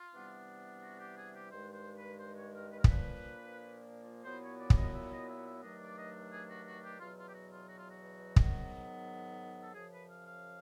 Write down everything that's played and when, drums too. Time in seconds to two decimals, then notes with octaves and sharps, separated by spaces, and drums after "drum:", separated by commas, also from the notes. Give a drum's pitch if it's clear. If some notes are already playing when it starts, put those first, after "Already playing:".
Already playing: F4
0.13 C3 E3 G3 B3 D4
0.81 F#4
0.99 G4
1.16 G#4
1.33 G4
1.50 G2 D#3 G#3 C5
1.73 C5
1.96 B4
2.18 C5
2.36 C#5
2.53 A#4
2.70 B4
2.77 A#4
2.84 A#2 F3 A#3 D4 B4, drum: kick
4.24 A#2 F#3 B3 E4 C5
4.41 C#5
4.59 D5
4.70 D5, drum: kick
4.76 D#5
4.93 E5
5.11 D#5
5.27 E5
5.44 E5
5.62 G2 D#3 F#3 A3 D4 D#5
5.79 D5
5.96 D#5
6.31 G#4
6.47 F#4
6.64 F#4
6.82 G4
6.99 E2 B2 F#3 F4
7.16 F4
7.27 G4
7.33 F#4
7.51 F4
7.68 F#4
7.78 F4
7.89 F#4
8.36 G#2 D#3 F#3 B3, drum: kick
9.62 A4
9.73 F#2 C#3 F3 G#4
9.91 B4
10.08 F5
10.25 F5